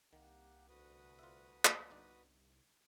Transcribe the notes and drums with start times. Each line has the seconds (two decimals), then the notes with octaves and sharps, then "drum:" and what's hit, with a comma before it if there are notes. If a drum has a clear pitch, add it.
0.13 C2 D#3 A#3 G4 F#5
0.69 D2 F#4 B4 D#6
1.19 F4 E5
1.65 drum: clap
1.90 G1 D#4 D5